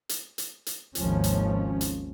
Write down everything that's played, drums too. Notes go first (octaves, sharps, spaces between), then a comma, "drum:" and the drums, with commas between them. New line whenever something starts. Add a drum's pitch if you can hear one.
drum: hi-hat
drum: hi-hat
drum: hi-hat
G#1 D#2 F3 C#4, drum: hi-hat
drum: hi-hat
drum: hi-hat